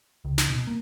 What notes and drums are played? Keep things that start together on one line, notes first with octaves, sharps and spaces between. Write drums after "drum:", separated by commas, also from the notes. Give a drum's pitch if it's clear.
C#2
drum: snare
B2
A#3